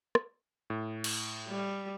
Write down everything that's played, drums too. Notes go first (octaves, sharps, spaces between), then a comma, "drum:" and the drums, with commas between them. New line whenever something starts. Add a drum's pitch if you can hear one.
drum: rim click
A2
drum: cymbal
G3